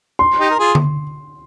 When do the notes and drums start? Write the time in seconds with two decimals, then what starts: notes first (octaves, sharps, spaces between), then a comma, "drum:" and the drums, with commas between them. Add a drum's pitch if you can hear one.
0.19 C6
0.39 D#4 G4
0.51 A#4
0.59 F4 G#4
0.75 drum: tom D3